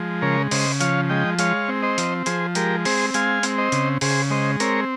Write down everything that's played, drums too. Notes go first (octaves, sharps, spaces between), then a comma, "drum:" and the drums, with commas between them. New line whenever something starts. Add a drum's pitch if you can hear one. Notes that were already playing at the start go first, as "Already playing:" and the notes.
Already playing: F3 G#3
C#3 A#4 C#5
C#3 C5 D#5, drum: open hi-hat
F3 C#5 F5, drum: hi-hat
G#3 D#5 G5
G#3 C#5 F5, drum: hi-hat
C4
C5 D#5
F3, drum: hi-hat
F3 G#4 C5, drum: hi-hat
G#3 G4 A#4, drum: hi-hat
C4 G#4 C5, drum: open hi-hat
G#3 F5 G#5, drum: hi-hat
C4, drum: hi-hat
C5 D#5
C#3, drum: hi-hat
C#3 G#4 C5, drum: open hi-hat
G#3 C5 D#5
C4 A#4 C#5, drum: hi-hat